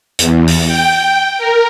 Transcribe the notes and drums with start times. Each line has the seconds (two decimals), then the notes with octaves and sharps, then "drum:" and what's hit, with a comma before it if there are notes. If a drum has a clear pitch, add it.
0.19 E2, drum: hi-hat
0.47 drum: open hi-hat
0.66 G5
1.38 A#4